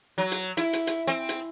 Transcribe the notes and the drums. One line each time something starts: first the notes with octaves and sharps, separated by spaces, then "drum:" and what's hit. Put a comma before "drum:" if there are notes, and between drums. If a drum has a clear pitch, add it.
F#3
drum: hi-hat
E4, drum: hi-hat
drum: hi-hat
drum: hi-hat
C4
drum: hi-hat